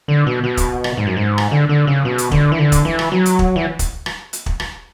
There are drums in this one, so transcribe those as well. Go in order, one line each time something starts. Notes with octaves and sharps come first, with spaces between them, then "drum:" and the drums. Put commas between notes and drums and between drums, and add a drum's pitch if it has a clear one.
D3
B2
B2
drum: kick, hi-hat
drum: rim click
G#2
F#2
G#2
drum: rim click
D3
D3
C#3
B2
drum: hi-hat
D3, drum: kick
E3
D3
drum: kick, hi-hat
E3
drum: rim click
F#3
drum: hi-hat
drum: kick
E3
drum: kick, hi-hat
drum: rim click
drum: hi-hat
drum: kick
drum: rim click